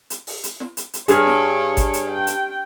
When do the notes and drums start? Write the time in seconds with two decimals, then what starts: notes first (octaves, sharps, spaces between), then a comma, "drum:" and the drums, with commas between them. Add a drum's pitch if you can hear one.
0.10 drum: hi-hat
0.27 drum: open hi-hat
0.44 drum: hi-hat
0.60 drum: snare
0.77 drum: hi-hat
0.94 drum: hi-hat
1.08 G2 G#4 C#5 F6 G#6, drum: hi-hat
1.27 drum: snare
1.77 drum: kick G#1, hi-hat
1.93 drum: hi-hat
2.10 G5
2.27 drum: hi-hat